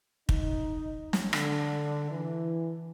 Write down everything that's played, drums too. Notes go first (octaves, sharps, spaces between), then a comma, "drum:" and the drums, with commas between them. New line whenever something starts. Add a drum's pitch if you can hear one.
D#4, drum: kick
drum: snare
D3, drum: rim click
E3